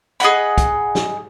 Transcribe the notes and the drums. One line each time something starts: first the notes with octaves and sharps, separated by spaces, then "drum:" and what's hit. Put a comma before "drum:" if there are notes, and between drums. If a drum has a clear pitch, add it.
G#4 D#5 F#5 B5, drum: hi-hat
drum: kick, hi-hat
drum: snare